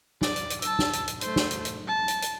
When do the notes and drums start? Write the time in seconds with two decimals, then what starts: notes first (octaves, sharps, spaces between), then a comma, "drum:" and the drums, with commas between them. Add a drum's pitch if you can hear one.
0.21 D5, drum: snare
0.36 drum: hi-hat
0.50 drum: hi-hat
0.62 A5 E6, drum: hi-hat
0.79 drum: snare
0.93 drum: hi-hat
1.07 drum: hi-hat
1.21 A3 C5, drum: hi-hat
1.36 drum: snare
1.51 drum: hi-hat
1.65 drum: hi-hat
1.87 A5
2.08 drum: hi-hat
2.22 drum: hi-hat